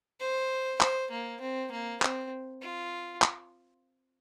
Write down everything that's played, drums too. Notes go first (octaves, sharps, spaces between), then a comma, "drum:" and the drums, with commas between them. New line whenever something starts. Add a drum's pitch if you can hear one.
C5
C5, drum: clap
A#3
C4
A#3
C4, drum: clap
F4
drum: clap